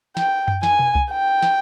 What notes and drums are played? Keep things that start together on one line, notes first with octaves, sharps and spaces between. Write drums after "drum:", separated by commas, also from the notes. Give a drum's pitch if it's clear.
G5, drum: snare
drum: tom F#2
G#5, drum: snare
drum: tom B2
drum: kick C2
G5
drum: snare